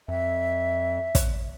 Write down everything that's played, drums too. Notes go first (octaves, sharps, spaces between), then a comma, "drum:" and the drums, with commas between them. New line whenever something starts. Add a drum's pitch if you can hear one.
F2 E5
drum: kick, hi-hat